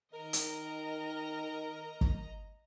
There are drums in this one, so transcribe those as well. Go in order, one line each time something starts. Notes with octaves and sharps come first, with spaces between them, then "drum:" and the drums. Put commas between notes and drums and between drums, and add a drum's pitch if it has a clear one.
D#3 A#4 D#5 A#5
drum: hi-hat
drum: kick